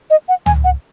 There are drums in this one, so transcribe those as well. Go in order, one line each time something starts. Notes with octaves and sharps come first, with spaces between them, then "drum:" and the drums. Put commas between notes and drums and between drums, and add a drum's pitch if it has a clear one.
D#5
F#5
G#5, drum: tom C#2
F#5